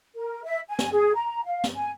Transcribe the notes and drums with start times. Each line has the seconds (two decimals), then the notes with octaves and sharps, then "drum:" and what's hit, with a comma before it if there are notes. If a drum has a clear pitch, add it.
0.15 A#4
0.44 E5
0.69 G#5
0.79 drum: snare
0.92 G#4
1.14 A#5
1.45 F5
1.64 drum: snare
1.74 G#5